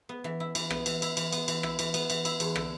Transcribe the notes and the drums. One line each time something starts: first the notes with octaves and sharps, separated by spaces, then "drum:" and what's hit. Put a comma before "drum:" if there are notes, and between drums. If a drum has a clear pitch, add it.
B3
E3
E4
E3, drum: cymbal
B3, drum: rim click
E3, drum: cymbal
E4, drum: cymbal
E3, drum: cymbal
B3, drum: cymbal
E3, drum: cymbal
E4, drum: rim click
E3, drum: cymbal
B3, drum: cymbal
E3, drum: cymbal
E4, drum: cymbal
E2, drum: cymbal
D3, drum: rim click